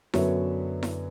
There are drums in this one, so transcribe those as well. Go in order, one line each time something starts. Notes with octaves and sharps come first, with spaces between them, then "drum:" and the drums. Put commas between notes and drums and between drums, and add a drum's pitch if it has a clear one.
F#2 D3 F#3 B3 D4 C#5 E5, drum: snare E4
drum: snare E4